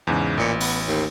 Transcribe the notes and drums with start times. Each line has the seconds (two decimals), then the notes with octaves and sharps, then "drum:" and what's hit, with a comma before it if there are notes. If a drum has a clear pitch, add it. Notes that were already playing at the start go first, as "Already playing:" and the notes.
0.07 E2 G#2 C#3
0.38 A1 A#2 C#7
0.60 B3, drum: open hi-hat
0.87 D#2